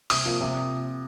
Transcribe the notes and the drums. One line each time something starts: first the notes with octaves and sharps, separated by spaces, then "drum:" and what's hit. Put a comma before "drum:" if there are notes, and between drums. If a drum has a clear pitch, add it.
C3 D#6, drum: open hi-hat
F3 A#3
C3